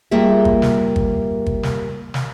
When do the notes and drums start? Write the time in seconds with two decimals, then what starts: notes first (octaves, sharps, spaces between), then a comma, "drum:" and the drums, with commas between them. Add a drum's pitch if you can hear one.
0.11 G3 A#3 F4 G#4 E5
0.45 drum: kick
0.62 drum: snare
0.96 drum: kick
1.46 drum: kick
1.63 drum: snare
2.14 drum: snare